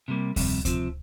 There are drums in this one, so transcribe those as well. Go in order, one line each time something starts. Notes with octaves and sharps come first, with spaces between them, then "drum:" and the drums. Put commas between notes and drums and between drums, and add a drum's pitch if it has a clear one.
C3 G3 A#3
F2 C3 G3, drum: kick D2, open hi-hat
C3 F3 C4, drum: kick D2, hi-hat